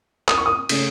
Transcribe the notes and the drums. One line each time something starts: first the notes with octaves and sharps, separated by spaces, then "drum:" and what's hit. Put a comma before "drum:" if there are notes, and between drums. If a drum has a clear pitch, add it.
D#6, drum: clap
C#6
D#6
C#3 A3 C#4, drum: cymbal